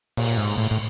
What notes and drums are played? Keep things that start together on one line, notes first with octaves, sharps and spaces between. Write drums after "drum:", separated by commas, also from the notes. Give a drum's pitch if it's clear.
A#2, drum: cymbal
G#2
A2
A2